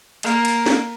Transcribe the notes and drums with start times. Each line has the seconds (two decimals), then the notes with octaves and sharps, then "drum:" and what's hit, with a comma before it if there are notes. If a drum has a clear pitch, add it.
0.23 A#3, drum: cymbal
0.45 drum: cymbal
0.66 drum: snare